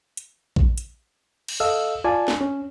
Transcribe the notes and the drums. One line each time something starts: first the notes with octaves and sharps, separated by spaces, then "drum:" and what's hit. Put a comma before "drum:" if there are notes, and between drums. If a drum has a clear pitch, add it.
drum: hi-hat
drum: kick A#1
drum: hi-hat
drum: cymbal
A4 D#5 F5 E6
F4 D5 G#5 A5
drum: snare
C#4